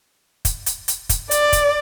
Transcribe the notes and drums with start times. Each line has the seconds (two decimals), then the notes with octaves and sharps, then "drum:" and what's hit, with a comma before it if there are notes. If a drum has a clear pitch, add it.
0.45 drum: kick, hi-hat
0.66 drum: hi-hat
0.88 drum: hi-hat
1.09 drum: kick, hi-hat
1.31 D5, drum: hi-hat
1.53 drum: kick, hi-hat